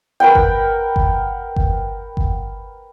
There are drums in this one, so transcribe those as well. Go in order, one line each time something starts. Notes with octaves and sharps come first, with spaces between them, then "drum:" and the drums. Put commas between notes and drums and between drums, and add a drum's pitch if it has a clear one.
A#4 B4 F#5 G5
drum: kick G1
drum: kick G1
drum: kick G1
drum: kick G1